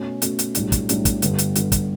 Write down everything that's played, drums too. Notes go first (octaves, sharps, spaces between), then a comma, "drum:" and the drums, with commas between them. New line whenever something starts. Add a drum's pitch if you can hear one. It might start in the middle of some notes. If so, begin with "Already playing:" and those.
Already playing: B2 A3 C#4
B2 A3 C#4, drum: hi-hat
drum: hi-hat
B1 A2 G3 D4, drum: hi-hat
drum: kick, hi-hat
B1 A2 G3 D4, drum: hi-hat
drum: kick, hi-hat
G1 G2 D3 G3, drum: hi-hat
drum: hi-hat
G1 G2 D3 G3, drum: hi-hat
drum: kick, hi-hat